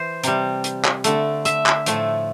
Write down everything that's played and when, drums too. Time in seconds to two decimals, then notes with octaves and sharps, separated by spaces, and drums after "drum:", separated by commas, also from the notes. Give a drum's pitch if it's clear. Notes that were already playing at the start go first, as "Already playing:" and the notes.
Already playing: E3 C5
0.23 C3 G3, drum: hi-hat
0.64 drum: hi-hat
0.84 drum: clap
1.04 D3 A3, drum: hi-hat
1.45 E5, drum: hi-hat
1.66 drum: clap
1.86 A2 F3 A3, drum: hi-hat